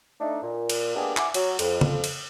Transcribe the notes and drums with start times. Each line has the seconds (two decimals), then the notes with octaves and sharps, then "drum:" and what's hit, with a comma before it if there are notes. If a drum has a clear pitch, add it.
0.20 A3 D4 D#4
0.42 A#2
0.70 drum: cymbal
0.95 G#3 A#3 B3 D4 G4 G#4
1.17 E4 E5 F#5 G#5 D6, drum: clap
1.34 F#3, drum: cymbal
1.59 F2, drum: cymbal
1.81 drum: tom C#3
2.04 drum: cymbal